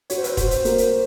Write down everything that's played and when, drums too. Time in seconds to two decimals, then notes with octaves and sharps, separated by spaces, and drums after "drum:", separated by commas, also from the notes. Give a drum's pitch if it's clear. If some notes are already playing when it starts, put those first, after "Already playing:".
0.10 F#4 C#5, drum: hi-hat
0.18 C5
0.24 B4, drum: hi-hat
0.32 C5
0.37 F#4, drum: kick, hi-hat
0.51 drum: hi-hat
0.65 A#3, drum: hi-hat
0.78 drum: hi-hat